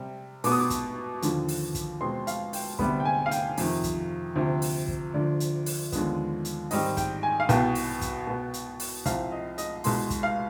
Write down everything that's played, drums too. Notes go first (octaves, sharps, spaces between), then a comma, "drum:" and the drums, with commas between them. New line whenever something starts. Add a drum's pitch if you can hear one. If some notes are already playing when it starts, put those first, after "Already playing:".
Already playing: C3 G3 C4
B2 B3 D6, drum: open hi-hat
D#6
D6
drum: kick, hi-hat
D#2 D3 F3, drum: hi-hat
drum: open hi-hat
drum: kick, hi-hat
B2 G#3 C4 C6
F5, drum: hi-hat
G5, drum: open hi-hat
D2 C3 G3 B3 B5, drum: kick
G5
G#5
F5
G5, drum: hi-hat
F2 C3 D#3, drum: open hi-hat
drum: kick, hi-hat
D2 C3 F3 C4
drum: open hi-hat
drum: kick
D2 D3 F3 D5
drum: hi-hat
drum: open hi-hat
D#2 D3 F3 G#3 B3, drum: kick, hi-hat
drum: hi-hat
G#2 D#3 G3 C4 D#5, drum: open hi-hat
G5, drum: kick, hi-hat
G#5
F5
C2 B2 B3 G5, drum: hi-hat
drum: open hi-hat
drum: kick, hi-hat
B2 B3
drum: hi-hat
drum: open hi-hat
C2 C3 F3 C4 F5, drum: kick, hi-hat
D#5
D#5, drum: hi-hat
C2 B2 G#3 C6, drum: open hi-hat
drum: kick, hi-hat
F5